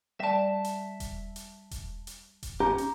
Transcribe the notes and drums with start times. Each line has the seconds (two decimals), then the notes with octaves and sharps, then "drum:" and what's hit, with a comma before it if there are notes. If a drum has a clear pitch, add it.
0.20 G3 D5 E5 A5
0.64 drum: hi-hat
1.00 drum: kick E1, hi-hat
1.36 drum: hi-hat
1.71 drum: kick E1, hi-hat
2.07 drum: hi-hat
2.43 drum: kick E1, hi-hat
2.60 C#4 G4 A#5
2.78 drum: hi-hat